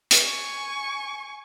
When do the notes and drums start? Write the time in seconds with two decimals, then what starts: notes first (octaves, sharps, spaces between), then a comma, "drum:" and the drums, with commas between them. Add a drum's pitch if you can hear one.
0.11 drum: hi-hat
0.23 G#5 C#6